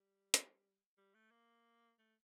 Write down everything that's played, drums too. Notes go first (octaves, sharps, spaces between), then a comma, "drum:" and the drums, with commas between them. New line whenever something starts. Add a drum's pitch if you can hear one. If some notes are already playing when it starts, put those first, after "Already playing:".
Already playing: G3
drum: hi-hat
G3
A3
A#3
A3